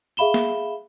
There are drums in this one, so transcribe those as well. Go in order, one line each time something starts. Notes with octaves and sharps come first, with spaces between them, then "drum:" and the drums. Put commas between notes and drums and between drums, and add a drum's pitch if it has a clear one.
G#4 E5 F5 B5 E7 G7
drum: snare